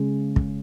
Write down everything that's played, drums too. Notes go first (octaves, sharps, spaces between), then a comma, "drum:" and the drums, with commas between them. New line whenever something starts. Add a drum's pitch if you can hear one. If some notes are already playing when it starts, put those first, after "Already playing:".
Already playing: C#3 G#3
drum: kick